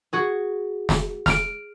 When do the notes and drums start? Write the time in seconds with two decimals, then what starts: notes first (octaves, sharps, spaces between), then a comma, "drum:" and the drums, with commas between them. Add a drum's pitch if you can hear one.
0.13 F#4 G#4
0.89 drum: snare
1.26 F6 D7, drum: snare